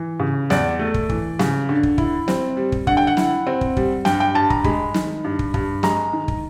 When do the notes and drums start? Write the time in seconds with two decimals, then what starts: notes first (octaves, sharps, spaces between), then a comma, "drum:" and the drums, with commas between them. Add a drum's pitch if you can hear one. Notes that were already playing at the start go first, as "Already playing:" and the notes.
Already playing: E3
0.20 C#3
0.50 E2 D5, drum: snare
0.79 A3
0.94 drum: kick
1.09 E3, drum: kick
1.39 C#3, drum: snare
1.69 D3
1.83 drum: kick
1.98 E4, drum: kick
2.28 C4, drum: snare
2.57 G3
2.72 drum: kick
2.87 D3 F#5, drum: kick
2.97 G5
3.07 F#5
3.17 E4, drum: snare
3.47 C4
3.61 drum: kick
3.77 G3, drum: kick
4.05 G2 G5, drum: snare
4.20 G5
4.35 G2 A5
4.50 A#5, drum: kick
4.64 G#3 B5, drum: kick
4.94 D#3, drum: snare
5.24 G2
5.39 drum: kick
5.54 G2, drum: kick
5.83 G#3 A#5, drum: snare
6.13 D#3
6.28 drum: kick